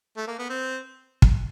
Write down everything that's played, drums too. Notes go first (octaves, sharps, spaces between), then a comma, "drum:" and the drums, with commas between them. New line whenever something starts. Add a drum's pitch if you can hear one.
A3
A#3
B3
C4
drum: kick